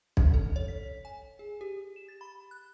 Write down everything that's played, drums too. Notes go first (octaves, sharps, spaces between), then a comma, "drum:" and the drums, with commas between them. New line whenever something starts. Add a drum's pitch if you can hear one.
C#4, drum: kick B1
A4
C#5
B6
G#5
G#4
G4
E7
A6
B5
F#6